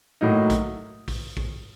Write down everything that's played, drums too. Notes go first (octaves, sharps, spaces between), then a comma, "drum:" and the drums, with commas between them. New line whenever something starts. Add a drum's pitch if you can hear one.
A2 F#3 A#3 D#4
drum: kick, hi-hat
drum: kick, open hi-hat
drum: kick